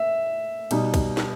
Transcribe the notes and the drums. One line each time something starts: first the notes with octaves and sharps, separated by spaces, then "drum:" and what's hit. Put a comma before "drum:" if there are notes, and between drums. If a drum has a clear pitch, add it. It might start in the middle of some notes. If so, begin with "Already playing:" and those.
Already playing: E5
B2 G3 D#4, drum: cymbal
drum: kick, cymbal
drum: snare